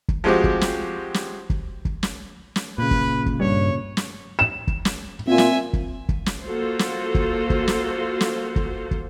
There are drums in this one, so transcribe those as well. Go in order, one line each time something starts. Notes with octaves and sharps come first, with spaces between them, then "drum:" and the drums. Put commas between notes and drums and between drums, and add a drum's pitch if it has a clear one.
drum: kick
F3 G#3 C4 F#4 G4
drum: kick
drum: snare
drum: snare
drum: kick
drum: kick
drum: snare
drum: snare
A#2 C#3 B4
drum: kick
drum: kick
G2 C#5
drum: snare
E7
drum: kick
drum: snare
A#2 A#3 C4 F4 E5 G#5
drum: snare
drum: kick
drum: kick
drum: snare
A#3 F4 F#4 A4 C5
drum: snare
drum: kick
drum: kick
drum: snare
drum: snare
drum: kick
drum: kick